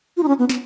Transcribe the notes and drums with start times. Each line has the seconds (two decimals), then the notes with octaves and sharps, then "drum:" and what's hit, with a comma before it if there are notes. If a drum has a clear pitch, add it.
0.17 F4
0.23 D#4
0.28 C#4
0.39 B3
0.49 drum: snare